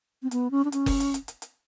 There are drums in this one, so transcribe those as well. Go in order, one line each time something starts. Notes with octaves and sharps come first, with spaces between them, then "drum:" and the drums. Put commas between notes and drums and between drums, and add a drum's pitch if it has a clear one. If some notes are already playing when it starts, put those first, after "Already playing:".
C4
B3, drum: hi-hat
C#4
D4
C#4, drum: hi-hat
drum: kick F#1, open hi-hat
drum: hi-hat
drum: hi-hat
drum: hi-hat
drum: hi-hat